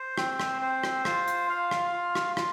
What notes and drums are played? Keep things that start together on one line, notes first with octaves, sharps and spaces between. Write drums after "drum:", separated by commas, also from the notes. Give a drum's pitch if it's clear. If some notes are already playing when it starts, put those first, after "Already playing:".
Already playing: C5
C4, drum: rim click
drum: rim click
C5
drum: rim click
F4, drum: rim click
drum: hi-hat
F5
drum: rim click
F4
drum: rim click
F4, drum: rim click